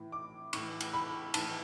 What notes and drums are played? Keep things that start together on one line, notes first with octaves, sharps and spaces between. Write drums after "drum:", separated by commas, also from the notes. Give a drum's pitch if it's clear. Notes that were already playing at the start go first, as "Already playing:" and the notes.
Already playing: A2 E3
D6
A2 E3 C#6, drum: cymbal
drum: cymbal
B5
A2 E3 A5, drum: cymbal